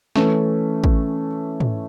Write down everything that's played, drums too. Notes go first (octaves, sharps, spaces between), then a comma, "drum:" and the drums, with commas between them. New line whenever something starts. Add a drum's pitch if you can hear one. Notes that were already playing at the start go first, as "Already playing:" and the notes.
E3 A3 C#4, drum: snare
drum: kick
drum: tom